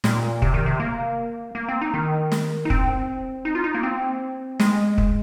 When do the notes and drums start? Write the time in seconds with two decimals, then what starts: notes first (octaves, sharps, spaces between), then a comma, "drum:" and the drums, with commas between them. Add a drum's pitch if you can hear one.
0.04 A#2, drum: snare
0.42 C3, drum: kick
0.54 D#3
0.66 C3
0.80 A#3
1.55 A#3
1.68 C4
1.81 D#4
1.94 D#3
2.32 drum: snare
2.65 D#4
2.70 C4, drum: kick
3.45 D#4
3.55 F4
3.64 D#4
3.74 A#3
3.83 C4
4.60 G#3, drum: snare
4.98 drum: kick